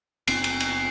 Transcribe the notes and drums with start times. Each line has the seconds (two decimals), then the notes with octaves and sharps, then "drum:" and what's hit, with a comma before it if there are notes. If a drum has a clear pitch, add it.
0.28 F#1 B3 C4 C7, drum: cymbal
0.44 drum: cymbal
0.60 drum: cymbal